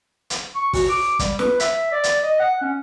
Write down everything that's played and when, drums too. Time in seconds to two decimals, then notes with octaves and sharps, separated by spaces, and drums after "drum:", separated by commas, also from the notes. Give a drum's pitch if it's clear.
0.30 drum: hi-hat
0.55 C#6
0.73 F#4, drum: kick, open hi-hat
0.89 D6
1.19 G3, drum: kick, hi-hat
1.39 B4, drum: snare
1.60 E5, drum: hi-hat
1.92 D5
2.04 drum: hi-hat
2.24 D#5
2.39 F#5
2.62 C#4